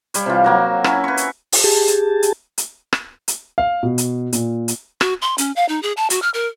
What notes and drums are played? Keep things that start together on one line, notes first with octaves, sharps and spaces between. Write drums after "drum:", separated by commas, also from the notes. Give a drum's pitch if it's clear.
G3 C#5, drum: hi-hat
C3 E3 F4
F#3 A#3 F#4
C#4 E4, drum: rim click
B4 C#6
drum: hi-hat
drum: open hi-hat
G4 G#4 A5
drum: hi-hat
drum: hi-hat
drum: hi-hat
drum: rim click
drum: hi-hat
F5
B2
drum: hi-hat
A#2, drum: hi-hat
drum: hi-hat
F#4, drum: rim click
C6
C#4, drum: hi-hat
F5
D#4
G#4
A5
F#4, drum: hi-hat
F6
A#4